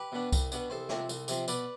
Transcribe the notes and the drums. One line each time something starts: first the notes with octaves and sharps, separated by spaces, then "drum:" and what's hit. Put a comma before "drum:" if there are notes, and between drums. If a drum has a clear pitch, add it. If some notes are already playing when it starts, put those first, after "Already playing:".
Already playing: G4 B4
B2 B3 D4
C2, drum: kick C2, tambourine
B2 B3 D4, drum: tambourine
C2 A4 C5
C3 F3 C4, drum: snare
C2, drum: tambourine
C3 F3 C4, drum: tambourine
B2 B4 D5, drum: tambourine